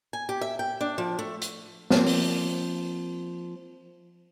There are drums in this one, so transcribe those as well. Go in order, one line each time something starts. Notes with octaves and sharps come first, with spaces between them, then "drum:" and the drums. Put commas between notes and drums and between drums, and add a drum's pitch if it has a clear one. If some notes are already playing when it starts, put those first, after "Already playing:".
G#5
G4
E5
G5
D4
F3
A3
drum: hi-hat
F3 A#3 C4, drum: snare
drum: open hi-hat